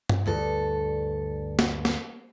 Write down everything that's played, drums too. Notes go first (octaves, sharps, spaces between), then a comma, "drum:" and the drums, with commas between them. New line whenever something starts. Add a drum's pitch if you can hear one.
drum: tom G2
D2 G2 A4
drum: snare
drum: snare